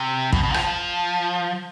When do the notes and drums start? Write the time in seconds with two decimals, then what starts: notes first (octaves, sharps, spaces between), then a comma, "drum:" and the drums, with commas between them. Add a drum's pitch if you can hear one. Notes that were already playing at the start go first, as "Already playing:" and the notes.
Already playing: C3
0.33 B2, drum: kick
0.43 B2
0.54 F3, drum: rim click
0.64 F3